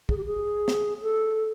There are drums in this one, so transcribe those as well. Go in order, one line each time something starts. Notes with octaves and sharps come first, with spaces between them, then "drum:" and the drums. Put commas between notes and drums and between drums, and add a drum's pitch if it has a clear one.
G#4, drum: kick
G4
G#4
drum: snare
A4